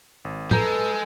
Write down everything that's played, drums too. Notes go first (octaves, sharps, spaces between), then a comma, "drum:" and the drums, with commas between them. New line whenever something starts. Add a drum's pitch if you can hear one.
G#1
G#3 A4 B4 A#5 G6, drum: tom